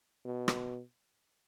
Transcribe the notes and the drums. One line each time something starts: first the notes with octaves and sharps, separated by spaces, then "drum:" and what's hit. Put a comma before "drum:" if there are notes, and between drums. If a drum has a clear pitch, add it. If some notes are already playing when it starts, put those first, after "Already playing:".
B2
drum: rim click